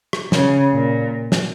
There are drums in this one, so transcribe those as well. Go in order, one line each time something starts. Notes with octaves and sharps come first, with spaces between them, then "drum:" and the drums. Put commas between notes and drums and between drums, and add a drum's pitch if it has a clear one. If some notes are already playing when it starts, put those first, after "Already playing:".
drum: rim click
C#3, drum: snare
A#2
drum: snare